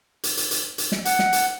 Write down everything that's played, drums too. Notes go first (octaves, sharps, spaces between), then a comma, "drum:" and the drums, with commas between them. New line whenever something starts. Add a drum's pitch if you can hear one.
drum: hi-hat
drum: hi-hat
drum: hi-hat
drum: hi-hat
drum: snare
F#5, drum: hi-hat
drum: snare
drum: hi-hat